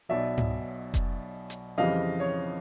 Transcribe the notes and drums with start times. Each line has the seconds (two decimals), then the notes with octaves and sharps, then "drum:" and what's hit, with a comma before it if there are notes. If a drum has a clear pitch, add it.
0.09 B1 B2 F#3 D5 E5
0.38 drum: tom G#2
0.94 drum: kick F1, hi-hat
1.50 drum: hi-hat
1.78 F2 C#3 E3 G3 C4 D#5 F5
2.20 C#5